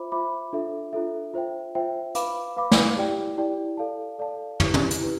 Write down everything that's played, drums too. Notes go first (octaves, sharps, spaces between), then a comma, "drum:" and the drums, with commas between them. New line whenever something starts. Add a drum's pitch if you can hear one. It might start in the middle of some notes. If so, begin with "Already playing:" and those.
Already playing: F4 C5 E5 B5 D6
F4 C5 E5 B5 D6
D4 F4 A4 E5
D4 F4 A4 E5
F4 C5 E5 G5
F4 C5 E5 G5
B4 F5 B5 D6, drum: hi-hat
B4 F5 B5 D6
drum: snare
E4 G4 D5 G5
E4 G4 D5 G5
A4 D5 F5 A5
A4 D5 F5 A5
E4 G4 B4, drum: tom
drum: tom
drum: hi-hat
E4 G4 B4